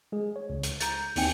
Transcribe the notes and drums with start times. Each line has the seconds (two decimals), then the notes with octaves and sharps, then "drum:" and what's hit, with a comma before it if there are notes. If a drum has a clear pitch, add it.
0.12 G#3 G#4
0.36 C#5
0.50 C#2
0.63 drum: hi-hat
0.80 A#5 G6 A6, drum: hi-hat
0.92 G6
1.16 D#2 C4 D#4 G5 G#5 C#7, drum: open hi-hat